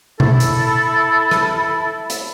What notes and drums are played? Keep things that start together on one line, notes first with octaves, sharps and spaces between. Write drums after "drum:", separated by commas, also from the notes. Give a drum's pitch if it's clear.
E4 A4, drum: tom B2
drum: hi-hat
drum: rim click
drum: hi-hat